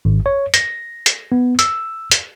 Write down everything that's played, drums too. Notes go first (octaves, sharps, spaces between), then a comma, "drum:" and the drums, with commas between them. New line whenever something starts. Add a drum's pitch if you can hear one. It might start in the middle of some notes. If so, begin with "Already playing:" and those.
G#1
C#5
A#6, drum: hi-hat
drum: hi-hat
B3
E6, drum: hi-hat
drum: hi-hat